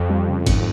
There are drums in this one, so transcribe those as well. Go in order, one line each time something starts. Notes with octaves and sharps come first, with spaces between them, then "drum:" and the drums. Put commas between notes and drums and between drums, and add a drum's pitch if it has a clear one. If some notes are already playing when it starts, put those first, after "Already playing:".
Already playing: F2
G3
C#3
G#1, drum: kick G1, cymbal